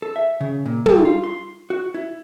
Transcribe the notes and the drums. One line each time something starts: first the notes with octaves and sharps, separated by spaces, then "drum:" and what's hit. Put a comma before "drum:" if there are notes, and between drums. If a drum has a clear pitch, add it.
A4
E5
C#3
A#2
G3, drum: tom
F4
C6
F#4
E4